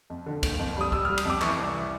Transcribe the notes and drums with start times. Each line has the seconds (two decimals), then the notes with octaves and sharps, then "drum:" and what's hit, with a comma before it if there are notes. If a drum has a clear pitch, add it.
0.10 F2
0.26 D3
0.43 F#1, drum: kick, cymbal
0.59 F2
0.76 G3 D#6
0.92 G3 E6, drum: kick
1.05 G3 F6
1.18 D#6, drum: cymbal
1.25 F2 D6
1.41 E3 C#6, drum: clap
1.59 C2
1.75 E3